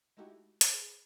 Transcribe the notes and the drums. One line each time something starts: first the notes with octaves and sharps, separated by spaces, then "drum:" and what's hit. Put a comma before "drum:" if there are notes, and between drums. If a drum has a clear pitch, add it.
G#3 A3 D#4 E4 F#4 G4
drum: hi-hat
G#4 B5